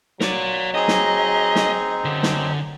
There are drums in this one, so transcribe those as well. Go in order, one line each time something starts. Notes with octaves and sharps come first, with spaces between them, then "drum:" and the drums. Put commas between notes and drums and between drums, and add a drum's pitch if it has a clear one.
F#3 A#4 D5, drum: snare
C4 D#4 G#4 D#5 A#5
drum: snare
drum: snare
F#2 D3
drum: snare